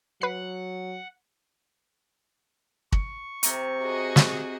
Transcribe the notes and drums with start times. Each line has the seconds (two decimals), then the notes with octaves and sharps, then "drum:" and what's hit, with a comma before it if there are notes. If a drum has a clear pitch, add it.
0.22 F#3 B4 F#5 C7
2.92 C#6, drum: kick
3.43 C3 A#5, drum: hi-hat
3.82 F#4 G#4 D#5
4.16 drum: snare